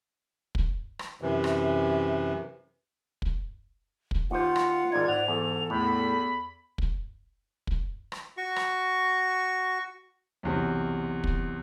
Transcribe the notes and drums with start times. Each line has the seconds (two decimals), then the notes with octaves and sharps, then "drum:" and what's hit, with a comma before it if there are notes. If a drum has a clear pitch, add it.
0.55 drum: kick
0.99 drum: rim click
1.22 F#2 C3 E3
1.44 drum: rim click
3.22 drum: kick
4.11 drum: kick
4.31 D#2 F4 C5 F#5
4.56 drum: rim click
4.92 G#1 D#4 D5 G#6
5.08 G#2 F#5 F7
5.28 E2 A4
5.70 E2 A2 B5
6.78 drum: kick
7.67 drum: kick
8.12 drum: rim click
8.37 F#4 C#6
8.56 drum: rim click
10.43 B1 E2 C3
11.24 drum: kick